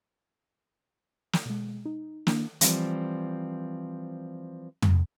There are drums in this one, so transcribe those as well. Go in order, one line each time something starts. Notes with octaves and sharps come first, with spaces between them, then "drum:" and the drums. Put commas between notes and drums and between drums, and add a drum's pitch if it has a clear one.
drum: snare
B2 G#3
D#4
D#3 A#3 D4 E4, drum: snare
E3 F3 G3 C4, drum: hi-hat
drum: tom